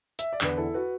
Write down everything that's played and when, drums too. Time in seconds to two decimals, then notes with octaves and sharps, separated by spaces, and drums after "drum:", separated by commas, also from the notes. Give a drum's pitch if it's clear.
0.19 E5, drum: hi-hat
0.33 D5
0.41 E2 D3 B4, drum: clap
0.57 E4 A4
0.74 F#4 B4